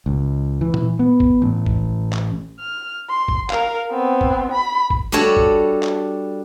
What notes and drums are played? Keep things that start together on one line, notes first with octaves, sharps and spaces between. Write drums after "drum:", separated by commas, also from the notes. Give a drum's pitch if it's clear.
C#2
E3
drum: tom A#2
B3
drum: kick
A1
drum: kick
drum: clap
F6
C6
drum: kick
A#4 F5, drum: clap
B3 C4
drum: kick
B5
drum: kick
G3 D4 F#4 A4 C#5
drum: kick
drum: clap